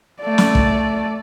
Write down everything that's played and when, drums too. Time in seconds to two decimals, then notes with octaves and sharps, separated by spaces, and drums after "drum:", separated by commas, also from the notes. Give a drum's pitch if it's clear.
0.21 A3 D5
0.38 drum: snare
0.55 drum: kick